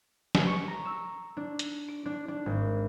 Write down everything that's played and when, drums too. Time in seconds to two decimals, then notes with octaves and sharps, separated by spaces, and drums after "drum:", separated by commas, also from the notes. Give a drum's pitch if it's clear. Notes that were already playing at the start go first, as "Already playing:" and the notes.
0.35 drum: snare
0.47 C#6
0.68 A#5
0.85 E6
1.37 D4
1.59 drum: hi-hat
1.88 D7
2.05 D4
2.28 D4
2.46 G#1